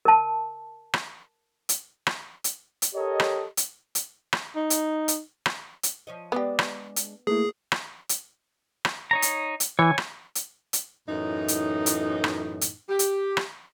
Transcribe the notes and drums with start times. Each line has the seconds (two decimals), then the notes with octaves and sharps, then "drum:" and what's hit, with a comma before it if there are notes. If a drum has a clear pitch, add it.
0.05 A#4 A5
0.94 drum: rim click
1.69 drum: hi-hat
2.07 drum: rim click
2.44 drum: hi-hat
2.82 drum: hi-hat
2.95 G4 A4 A#4 C#5 D#5
3.20 drum: rim click
3.57 drum: hi-hat
3.95 drum: hi-hat
4.33 drum: rim click
4.56 D#4
4.70 drum: hi-hat
5.08 drum: hi-hat
5.46 drum: rim click
5.83 drum: hi-hat
6.07 F3 C#5 D#5
6.32 G#3 B3 D4 G4
6.59 drum: rim click
6.96 drum: hi-hat
7.27 A3 A#3 E4 G#4 B4
7.72 drum: rim click
8.09 drum: hi-hat
8.85 drum: rim click
9.11 D#4 C#5 A#5
9.22 drum: hi-hat
9.60 drum: hi-hat
9.79 E3 C#5 G#5
9.98 drum: rim click
10.35 drum: hi-hat
10.73 drum: hi-hat
11.07 F#2 A2 E3 D#4
11.48 drum: hi-hat
11.86 drum: hi-hat
12.24 drum: rim click
12.61 drum: hi-hat
12.89 G4
12.99 drum: hi-hat
13.37 drum: rim click